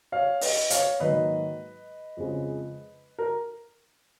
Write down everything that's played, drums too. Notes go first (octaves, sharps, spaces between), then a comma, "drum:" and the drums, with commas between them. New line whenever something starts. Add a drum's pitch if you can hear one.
C#5 F5
B4 D#5, drum: open hi-hat
C#5 F5, drum: hi-hat
G#2 D#3 F#3 A#3 B4 D#5
F2 C#3 G#3
A#4